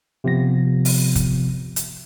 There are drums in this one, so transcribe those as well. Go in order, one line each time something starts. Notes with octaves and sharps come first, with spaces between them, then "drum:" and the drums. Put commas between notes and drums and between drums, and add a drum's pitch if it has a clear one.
C3 F3 B3 A#6
drum: open hi-hat
drum: kick, hi-hat
drum: hi-hat